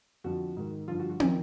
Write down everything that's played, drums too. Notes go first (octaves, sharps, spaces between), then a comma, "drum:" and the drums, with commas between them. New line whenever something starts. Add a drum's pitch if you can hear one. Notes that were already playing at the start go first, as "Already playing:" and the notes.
F2 D3 F3 F#4
G#2 D#3
G2 D3 F3 F4
F#4
F#4
D#3 F4, drum: tom